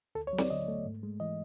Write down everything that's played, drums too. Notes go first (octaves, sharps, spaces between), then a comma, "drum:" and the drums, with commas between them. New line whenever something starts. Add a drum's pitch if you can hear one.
D2 A4
C#5
F#3
D5, drum: snare
D3 D#5
A3
G#2
G#3
E3 D#5